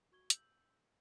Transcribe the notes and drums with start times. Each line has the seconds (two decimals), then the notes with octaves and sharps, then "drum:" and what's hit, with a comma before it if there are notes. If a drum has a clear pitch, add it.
0.12 F#4 C#6 G#6 G7
0.30 E6 G6 F#7, drum: hi-hat